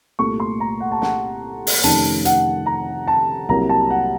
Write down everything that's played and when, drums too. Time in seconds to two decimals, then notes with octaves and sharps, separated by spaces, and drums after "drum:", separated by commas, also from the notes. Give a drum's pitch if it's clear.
0.19 C2 A#2 A3 C#6
0.40 C6
0.60 A#5
0.80 F#5
0.92 A5
1.02 F#5, drum: snare
1.67 drum: open hi-hat
1.84 F2 C3 D#3 A3 C#4 A5, drum: hi-hat
2.25 F#5, drum: hi-hat
2.66 A#5
3.07 A5
3.49 C2 C3 F#3 A#3 A#5
3.69 A5
3.90 F#5